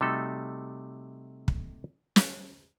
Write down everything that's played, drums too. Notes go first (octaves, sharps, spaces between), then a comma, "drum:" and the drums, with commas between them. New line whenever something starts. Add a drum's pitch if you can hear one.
C3 G3 A3 D#4 F#4 A4
drum: kick
drum: snare